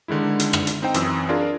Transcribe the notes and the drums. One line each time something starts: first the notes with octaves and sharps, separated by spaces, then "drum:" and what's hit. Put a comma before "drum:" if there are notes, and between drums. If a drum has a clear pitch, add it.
D3 D#3 G#3 E4
drum: hi-hat
drum: rim click
drum: hi-hat
C4 D#4 C5 G5
F#2 E3 C4 D#6 E6, drum: hi-hat
D4 F4 G#4 A#4 D5